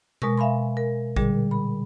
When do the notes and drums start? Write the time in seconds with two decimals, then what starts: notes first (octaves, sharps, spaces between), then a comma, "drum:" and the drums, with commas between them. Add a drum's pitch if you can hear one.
0.22 B2 G#3 A#4 C#6 A#6, drum: tom B2
0.38 E5 F5 G#5 B5 C6
0.77 A#4
1.17 A#2 D3 G3 G#4, drum: kick A1
1.51 B5